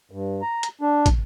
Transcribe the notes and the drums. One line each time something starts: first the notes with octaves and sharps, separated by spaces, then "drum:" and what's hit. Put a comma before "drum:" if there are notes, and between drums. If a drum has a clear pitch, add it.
G2
A#5
drum: hi-hat
D4
drum: kick, hi-hat